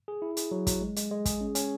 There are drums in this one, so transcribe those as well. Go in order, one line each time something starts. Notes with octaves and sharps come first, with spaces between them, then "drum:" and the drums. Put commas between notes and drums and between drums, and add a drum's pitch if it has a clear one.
G#4
E4
G#4, drum: hi-hat
F#3
F#3, drum: kick, hi-hat
G#3
G#3, drum: hi-hat
G#3
G#4, drum: kick, hi-hat
C#4
C#4, drum: hi-hat